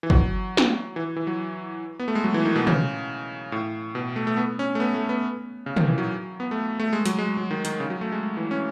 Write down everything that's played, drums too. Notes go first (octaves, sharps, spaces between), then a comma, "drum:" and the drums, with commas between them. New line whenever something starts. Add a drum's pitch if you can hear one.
E3
F#3, drum: kick
drum: snare
E3
E3
F#3
B3
A3
G#3
F#3
E3
D#3
B2
C#3, drum: tom
A2
B2
A3
A3
B3
C#4
A3
B3
A3
B3
C#3
D#3, drum: tom
E3
F#3
B3
A3
A3
G#3
F#3, drum: hi-hat
G#3
F#3
D#3
D#3, drum: hi-hat
C#3
F#3
A3
G#3
E3
C#4